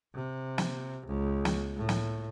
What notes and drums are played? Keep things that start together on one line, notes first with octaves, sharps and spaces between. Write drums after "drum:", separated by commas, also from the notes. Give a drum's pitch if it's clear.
C3
drum: snare
C#2
drum: snare
A2
drum: snare